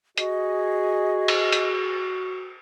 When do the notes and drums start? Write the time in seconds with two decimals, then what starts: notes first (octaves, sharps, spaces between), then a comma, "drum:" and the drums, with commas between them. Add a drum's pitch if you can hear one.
0.18 F#4 G#4 D#5, drum: hi-hat
1.28 drum: cymbal
1.52 drum: hi-hat